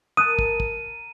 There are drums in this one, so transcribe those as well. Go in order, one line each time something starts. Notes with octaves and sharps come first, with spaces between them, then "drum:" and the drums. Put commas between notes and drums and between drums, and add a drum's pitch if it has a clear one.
A#4 A5 D#6 F#6 D#7
drum: kick
drum: kick